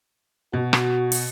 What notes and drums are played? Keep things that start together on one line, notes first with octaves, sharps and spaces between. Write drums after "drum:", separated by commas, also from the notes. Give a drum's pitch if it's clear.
B2 F#4
drum: rim click
drum: open hi-hat